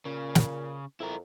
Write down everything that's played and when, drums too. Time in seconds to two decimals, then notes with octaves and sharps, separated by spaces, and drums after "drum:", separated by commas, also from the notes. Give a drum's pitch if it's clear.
0.05 A#2 C#3
0.35 drum: snare
1.00 F2 E4 A#4